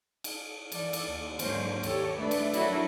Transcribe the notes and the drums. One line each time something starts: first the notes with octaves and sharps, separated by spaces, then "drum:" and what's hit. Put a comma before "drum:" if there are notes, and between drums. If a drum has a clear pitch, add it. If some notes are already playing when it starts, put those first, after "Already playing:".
drum: cymbal
E3 A4 D5, drum: cymbal
drum: cymbal
D#2
G#2 D3 F#3 A#3 C#4 C5, drum: cymbal
D#2 G4 A4 C#5, drum: cymbal
A3 D4 B4 D5 E5
drum: cymbal
F#3 D4 E4 F#4 A4 A#4, drum: cymbal